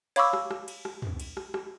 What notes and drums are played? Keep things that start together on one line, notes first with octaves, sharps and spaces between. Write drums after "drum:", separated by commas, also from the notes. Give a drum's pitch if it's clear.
C#5 F5 B5 C#6 D6 E6, drum: cymbal
drum: rim click
drum: rim click
drum: cymbal
drum: rim click
drum: tom
drum: cymbal
drum: rim click
drum: rim click